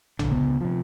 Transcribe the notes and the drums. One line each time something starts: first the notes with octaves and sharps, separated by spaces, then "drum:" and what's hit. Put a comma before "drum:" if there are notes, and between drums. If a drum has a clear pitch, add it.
A#1 D3, drum: tom A#1
C#2 C#3 B3
C3 F3